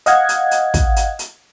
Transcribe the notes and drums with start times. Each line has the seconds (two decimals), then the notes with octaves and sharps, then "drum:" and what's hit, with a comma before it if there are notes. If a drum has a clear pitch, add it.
0.06 D#5 F5 F#5 G#6, drum: hi-hat
0.29 drum: hi-hat
0.51 drum: hi-hat
0.74 drum: kick, hi-hat
0.96 drum: hi-hat
1.19 drum: hi-hat